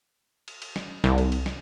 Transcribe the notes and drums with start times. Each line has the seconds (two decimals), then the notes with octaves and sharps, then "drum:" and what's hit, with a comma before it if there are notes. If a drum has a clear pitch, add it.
0.48 drum: cymbal
0.62 drum: cymbal
0.76 drum: snare
1.04 C2, drum: snare
1.18 drum: cymbal
1.32 drum: cymbal
1.46 drum: snare